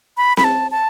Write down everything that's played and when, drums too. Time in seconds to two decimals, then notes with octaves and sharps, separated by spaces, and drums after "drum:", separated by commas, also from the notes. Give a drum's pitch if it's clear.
0.17 B5
0.37 B5, drum: snare C4
0.44 A5
0.71 A5